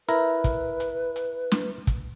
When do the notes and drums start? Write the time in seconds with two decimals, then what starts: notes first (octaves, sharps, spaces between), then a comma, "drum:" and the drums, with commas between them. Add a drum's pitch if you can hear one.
0.09 E4 A#4 B4, drum: hi-hat
0.44 drum: kick, hi-hat
0.80 drum: hi-hat
1.16 drum: hi-hat
1.52 drum: snare
1.87 drum: kick, hi-hat